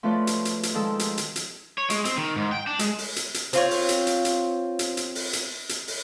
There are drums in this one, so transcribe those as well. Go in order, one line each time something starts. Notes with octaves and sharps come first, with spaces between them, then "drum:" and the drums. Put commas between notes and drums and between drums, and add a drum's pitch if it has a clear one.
F3 A3 F4 B4 C#5 D5
drum: hi-hat
drum: hi-hat
drum: hi-hat
D#3 F3 G#3 A4 E6
drum: hi-hat
drum: hi-hat
drum: hi-hat
C#5
G#3, drum: hi-hat
C4, drum: hi-hat
D#3
G#2
G5
D4
G#3, drum: hi-hat
drum: open hi-hat
drum: hi-hat
drum: hi-hat
C4 F4 C#5, drum: hi-hat
drum: open hi-hat
drum: hi-hat
drum: hi-hat
drum: hi-hat
drum: hi-hat
drum: hi-hat
drum: open hi-hat
drum: hi-hat
drum: hi-hat
drum: open hi-hat